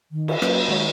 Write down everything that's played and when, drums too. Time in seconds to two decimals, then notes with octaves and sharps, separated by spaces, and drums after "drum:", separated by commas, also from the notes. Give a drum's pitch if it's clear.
0.12 D#3
0.28 drum: cymbal
0.42 F#3 A#3 C#4 B4, drum: rim click
0.69 D#3 G#3 F#4 C#5